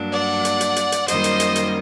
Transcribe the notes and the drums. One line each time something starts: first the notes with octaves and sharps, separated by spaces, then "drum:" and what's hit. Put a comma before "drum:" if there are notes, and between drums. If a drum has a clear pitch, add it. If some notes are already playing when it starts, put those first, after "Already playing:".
Already playing: G2 F#3 A#3 D4
D5 F#5
drum: hi-hat
drum: hi-hat
drum: hi-hat
drum: hi-hat
F#2 D#3 G3 A#3 C5 D#5, drum: hi-hat
drum: hi-hat
drum: hi-hat
drum: hi-hat